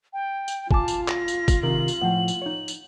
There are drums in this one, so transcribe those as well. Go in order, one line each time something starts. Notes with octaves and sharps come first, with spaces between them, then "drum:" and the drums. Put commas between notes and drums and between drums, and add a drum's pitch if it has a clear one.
G5
drum: tambourine
F4 G#5 A5 D6, drum: kick
drum: tambourine
A#6, drum: clap
drum: tambourine
drum: kick, tambourine
C3 D#3 A#4 F#7
drum: tambourine
A2 F3 F#5 G5
drum: tambourine
D#4 C#5
drum: tambourine